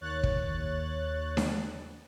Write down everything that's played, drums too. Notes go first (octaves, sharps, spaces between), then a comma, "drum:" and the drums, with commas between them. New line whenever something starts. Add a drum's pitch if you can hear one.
D#2 C#5 F#6 A6
drum: kick
drum: snare D4